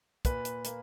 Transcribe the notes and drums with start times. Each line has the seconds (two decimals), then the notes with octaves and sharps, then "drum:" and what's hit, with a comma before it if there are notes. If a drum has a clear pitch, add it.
0.25 A#2 B4, drum: kick, hi-hat
0.45 drum: hi-hat
0.65 A#3, drum: hi-hat